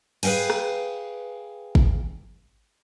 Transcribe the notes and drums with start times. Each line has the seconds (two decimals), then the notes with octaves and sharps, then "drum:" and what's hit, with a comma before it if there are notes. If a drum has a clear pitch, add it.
0.23 G#4 B4 F5 G5 G#5, drum: cymbal
0.50 drum: rim click
1.75 drum: kick